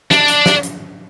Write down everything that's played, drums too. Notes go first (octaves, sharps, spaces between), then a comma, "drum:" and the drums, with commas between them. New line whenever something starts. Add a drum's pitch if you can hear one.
D4, drum: snare
drum: hi-hat
drum: snare
drum: hi-hat